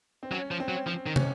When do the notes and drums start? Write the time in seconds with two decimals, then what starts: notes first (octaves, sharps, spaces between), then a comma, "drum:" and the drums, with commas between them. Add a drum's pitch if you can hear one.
0.23 C4
0.32 F#3 C#4
0.51 F3
0.60 C4
0.69 F#3
0.87 F3 C4
1.06 D#3
1.16 C#4, drum: tom